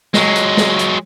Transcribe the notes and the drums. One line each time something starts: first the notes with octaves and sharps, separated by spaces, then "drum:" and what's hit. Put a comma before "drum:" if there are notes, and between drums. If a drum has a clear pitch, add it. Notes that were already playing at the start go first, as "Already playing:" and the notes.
F#3 G#3, drum: snare
drum: hi-hat
drum: snare
drum: hi-hat